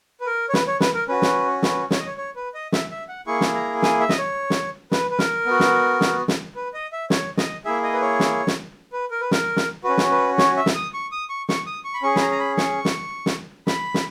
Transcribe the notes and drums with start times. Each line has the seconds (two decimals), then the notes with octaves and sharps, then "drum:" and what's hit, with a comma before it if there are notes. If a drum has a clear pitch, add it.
0.21 B4
0.26 A#4
0.49 C#5
0.54 B4, drum: snare
0.67 C#5
0.80 B4, drum: snare
0.94 A#4
1.08 C#4 F#4 B4
1.22 drum: snare
1.63 B4, drum: snare
1.91 C#5, drum: snare
1.99 D#5
2.06 C#5
2.17 C#5
2.36 B4
2.54 D#5
2.72 E5, drum: snare
2.91 E5
3.09 F#5
3.27 A#3 E4 G#4 C#6
3.41 drum: snare
3.55 A#5
3.82 G#5, drum: snare
4.00 E5
4.09 D#5, drum: snare
4.18 C#5
4.50 drum: snare
4.91 B4, drum: snare
5.11 B4
5.19 A#4, drum: snare
5.46 B3 F#4
5.60 drum: snare
6.01 drum: snare
6.28 drum: snare
6.56 B4
6.74 D#5
6.92 E5
7.10 C#5, drum: snare
7.37 D#5, drum: snare
7.65 A#3 E4 G#4 E5
7.83 D#5
7.93 B4
8.02 C#5
8.20 drum: snare
8.47 drum: snare
8.92 B4
9.11 A#4
9.21 B4
9.31 A#4, drum: snare
9.57 drum: snare
9.84 C#4 F#4 B4
9.98 drum: snare
10.11 B4
10.38 C#5, drum: snare
10.57 E5
10.66 drum: snare
10.75 D#6
10.94 C#6
11.12 D#6
11.29 C#6
11.49 C#6, drum: snare
11.66 D#6
11.84 C#6
11.94 B5
12.03 C#4 G#4 C#6
12.16 B5, drum: snare
12.21 A#5
12.31 A#5
12.39 B5
12.57 C#6, drum: snare
12.85 drum: snare
13.26 drum: snare
13.67 B5, drum: snare
13.94 drum: snare